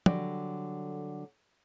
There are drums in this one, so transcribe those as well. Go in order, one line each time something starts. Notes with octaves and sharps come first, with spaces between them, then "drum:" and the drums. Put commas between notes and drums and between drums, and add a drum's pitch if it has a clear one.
D3 F#3 G3 A4 D5, drum: tom